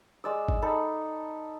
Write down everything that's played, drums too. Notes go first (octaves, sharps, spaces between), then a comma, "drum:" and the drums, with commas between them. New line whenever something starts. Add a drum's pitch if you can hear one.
G#3 D5 E6
drum: kick G#1
D#4 A4 B5